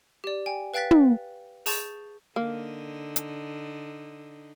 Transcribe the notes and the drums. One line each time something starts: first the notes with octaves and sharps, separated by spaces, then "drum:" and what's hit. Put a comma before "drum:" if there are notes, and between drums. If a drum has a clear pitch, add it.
G4 D5
G5 G#5
B4 F5 G5 F#6 A6 B6
drum: tom
G#4 A5 C#6 G6 A6, drum: open hi-hat
D3 A#3 D#4
drum: hi-hat